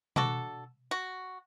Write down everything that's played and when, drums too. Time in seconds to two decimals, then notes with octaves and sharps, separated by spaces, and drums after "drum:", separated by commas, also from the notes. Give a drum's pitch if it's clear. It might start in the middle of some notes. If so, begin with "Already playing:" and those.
0.16 D4 F#4 A4, drum: tom B2
0.91 F#4